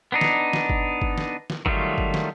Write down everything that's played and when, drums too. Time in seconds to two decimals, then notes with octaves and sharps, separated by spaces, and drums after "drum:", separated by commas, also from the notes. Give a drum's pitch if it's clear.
0.12 B3 D4 D#4
0.21 drum: snare
0.53 drum: snare
0.69 drum: kick G1
1.02 drum: kick G1
1.18 drum: snare
1.50 drum: snare
1.66 D#3 F#3 G3 A3 F4, drum: kick G1
1.98 drum: kick G1
2.14 drum: snare